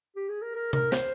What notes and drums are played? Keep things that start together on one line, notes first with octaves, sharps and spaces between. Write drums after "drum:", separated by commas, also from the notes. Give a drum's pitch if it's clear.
G4
G#4
A#4
A#4
A#4, drum: tom C3
C5, drum: snare